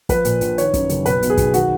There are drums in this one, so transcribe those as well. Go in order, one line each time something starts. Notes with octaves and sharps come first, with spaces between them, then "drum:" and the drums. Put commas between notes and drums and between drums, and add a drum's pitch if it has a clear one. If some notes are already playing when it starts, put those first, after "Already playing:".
F3 B4, drum: kick, hi-hat
A#2, drum: hi-hat
A#1, drum: hi-hat
D#3 C#5, drum: hi-hat
F#2, drum: kick, hi-hat
F#1, drum: hi-hat
B1 B4, drum: hi-hat
B2, drum: hi-hat
G#4
B1, drum: kick, hi-hat
D#3 F#4, drum: hi-hat